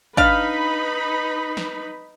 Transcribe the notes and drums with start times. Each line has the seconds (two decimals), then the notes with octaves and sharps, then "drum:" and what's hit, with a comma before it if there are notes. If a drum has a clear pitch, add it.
0.17 D4 D#4 B4 F5 B5, drum: kick
1.57 drum: snare